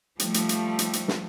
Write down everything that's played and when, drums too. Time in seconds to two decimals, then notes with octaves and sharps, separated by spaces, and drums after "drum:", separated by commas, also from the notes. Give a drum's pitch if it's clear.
0.19 F3 G3 A3, drum: hi-hat
0.34 drum: hi-hat
0.49 drum: hi-hat
0.79 drum: hi-hat
0.93 drum: hi-hat
1.08 drum: snare